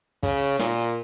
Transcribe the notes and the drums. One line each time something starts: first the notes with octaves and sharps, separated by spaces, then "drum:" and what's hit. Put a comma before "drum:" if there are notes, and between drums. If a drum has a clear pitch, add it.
C#3, drum: kick, hi-hat
drum: hi-hat
A#2, drum: snare
drum: hi-hat